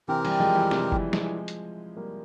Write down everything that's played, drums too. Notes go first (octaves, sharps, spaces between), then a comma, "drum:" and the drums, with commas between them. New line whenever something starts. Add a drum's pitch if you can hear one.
C3 E3 C4 G4 A#4
E3 G3, drum: cymbal
F3 G#3
E3 G3
C3, drum: snare
E3 G3, drum: kick F#1
F3 G#3, drum: snare
drum: hi-hat
G3 A#3